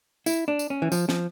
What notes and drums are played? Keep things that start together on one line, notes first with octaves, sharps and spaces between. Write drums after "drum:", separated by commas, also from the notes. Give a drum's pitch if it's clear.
E4, drum: tambourine
D4
drum: tambourine
C#4
E3
F3, drum: tambourine
F3, drum: snare